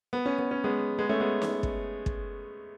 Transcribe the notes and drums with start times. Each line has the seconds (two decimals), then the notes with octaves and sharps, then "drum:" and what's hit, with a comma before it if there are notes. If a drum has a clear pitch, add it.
0.13 B3
0.26 C#4
0.39 B3
0.51 C#4
0.64 G#3 B3
0.99 G#3 B3
1.09 A3 C#4
1.20 G#3 B3
1.42 drum: snare
1.63 drum: kick
2.06 drum: kick